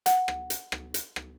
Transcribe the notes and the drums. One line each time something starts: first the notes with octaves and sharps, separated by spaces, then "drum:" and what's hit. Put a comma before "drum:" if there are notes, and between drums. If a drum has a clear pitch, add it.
F#5, drum: hi-hat
drum: rim click
drum: hi-hat
drum: rim click
drum: hi-hat
drum: rim click